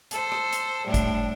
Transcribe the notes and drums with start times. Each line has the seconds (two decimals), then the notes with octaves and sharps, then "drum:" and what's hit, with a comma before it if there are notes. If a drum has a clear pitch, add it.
0.11 A4 C5, drum: hi-hat
0.32 drum: rim click
0.53 drum: hi-hat
0.85 A2 G3 D4
0.94 drum: kick, hi-hat